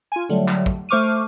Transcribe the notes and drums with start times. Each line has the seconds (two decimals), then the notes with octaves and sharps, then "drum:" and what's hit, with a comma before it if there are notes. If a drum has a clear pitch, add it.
0.12 F4 G#5
0.29 D3 F#3 G3 A3, drum: tambourine
0.48 drum: clap
0.66 drum: kick, tambourine
0.89 A3 C5 C#6 D6 F6 D#7
1.02 drum: tambourine